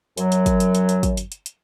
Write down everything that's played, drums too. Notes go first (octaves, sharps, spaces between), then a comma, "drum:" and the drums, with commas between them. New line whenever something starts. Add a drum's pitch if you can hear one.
F#2 F#3, drum: hi-hat
drum: hi-hat
drum: kick, hi-hat
drum: hi-hat
drum: hi-hat
drum: hi-hat
drum: kick, hi-hat
drum: hi-hat
drum: hi-hat
drum: hi-hat